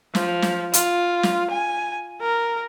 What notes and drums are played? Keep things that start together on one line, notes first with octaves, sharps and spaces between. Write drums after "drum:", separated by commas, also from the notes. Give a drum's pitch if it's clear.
F3, drum: snare
drum: snare
F4, drum: hi-hat
drum: snare
G#5
A#4